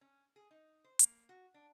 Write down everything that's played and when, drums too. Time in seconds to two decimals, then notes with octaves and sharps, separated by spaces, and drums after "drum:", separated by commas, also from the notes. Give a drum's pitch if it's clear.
0.01 C#4
0.36 G#4
0.51 D#4
0.84 C5
0.99 A#3, drum: hi-hat
1.29 F#4
1.54 D4